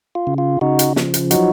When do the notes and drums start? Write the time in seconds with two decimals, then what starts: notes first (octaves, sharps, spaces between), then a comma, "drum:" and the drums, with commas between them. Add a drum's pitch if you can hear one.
0.15 F4
0.27 C#3
0.38 F4
0.61 C#3 D#4 F#4
0.79 drum: hi-hat
0.96 F3, drum: snare
1.14 drum: hi-hat
1.31 F#3 D#4 F#4, drum: hi-hat